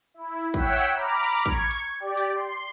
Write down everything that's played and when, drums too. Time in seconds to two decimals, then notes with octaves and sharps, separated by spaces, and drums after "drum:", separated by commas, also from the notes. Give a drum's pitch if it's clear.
0.14 E4
0.54 C#5 E5 F#5 G5 E6 B6, drum: kick
0.77 drum: hi-hat
0.94 A#5 B5 D6 F6
1.24 drum: hi-hat
1.46 C#6 G#6, drum: kick
1.71 drum: hi-hat
2.00 G4 D5
2.17 drum: hi-hat
2.35 C6